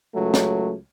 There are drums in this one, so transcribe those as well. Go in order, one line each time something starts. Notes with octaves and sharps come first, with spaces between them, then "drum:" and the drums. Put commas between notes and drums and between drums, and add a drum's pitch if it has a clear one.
C#2 F#3 A3
drum: snare